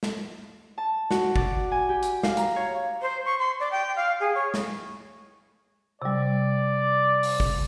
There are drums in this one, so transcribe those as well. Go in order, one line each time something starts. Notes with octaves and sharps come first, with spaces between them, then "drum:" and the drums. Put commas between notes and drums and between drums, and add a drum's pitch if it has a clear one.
drum: snare
A5
F#4, drum: snare
D5, drum: kick G1
G#5
G4
drum: hi-hat
F5, drum: snare
A#5, drum: hi-hat
C#5
C5
C#6
C6
D5
G5
F5
G#4
C#5
drum: snare
C3 G3 D5
drum: open hi-hat
drum: kick G1